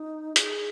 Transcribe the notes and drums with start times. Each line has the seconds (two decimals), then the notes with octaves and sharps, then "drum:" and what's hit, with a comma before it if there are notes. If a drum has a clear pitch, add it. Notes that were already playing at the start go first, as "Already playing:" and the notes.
Already playing: D#4
0.36 G#4, drum: hi-hat